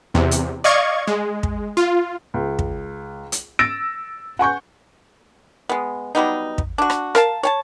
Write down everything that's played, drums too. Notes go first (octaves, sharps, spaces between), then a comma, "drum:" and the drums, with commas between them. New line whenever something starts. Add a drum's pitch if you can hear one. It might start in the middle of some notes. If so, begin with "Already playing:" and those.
E2 C3
drum: hi-hat
D5 D#5 F5 C#6 G#6
G#3
drum: kick
F4
C#2
drum: kick
drum: hi-hat
E6 A6 A#6 D7
F#5 G#5 C#6 G6
G#3 B3
F#3 G3 B3 D#4
drum: kick
D4 F#4
drum: rim click
A#4 F5 A5, drum: rim click
C#5 G#5 A5